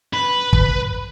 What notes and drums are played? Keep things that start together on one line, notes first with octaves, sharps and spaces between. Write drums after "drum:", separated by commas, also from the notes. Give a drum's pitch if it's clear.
B4
drum: kick